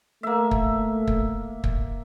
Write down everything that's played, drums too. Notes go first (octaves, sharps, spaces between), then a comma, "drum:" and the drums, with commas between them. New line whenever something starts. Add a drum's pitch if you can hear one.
A3 A#3 E5
drum: kick
drum: kick
drum: kick